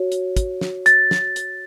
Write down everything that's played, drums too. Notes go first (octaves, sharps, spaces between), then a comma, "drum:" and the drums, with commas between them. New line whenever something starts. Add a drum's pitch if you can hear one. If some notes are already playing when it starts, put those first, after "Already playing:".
Already playing: F#4 C#5
drum: hi-hat
drum: kick, hi-hat
drum: snare
A6, drum: hi-hat
drum: snare
drum: hi-hat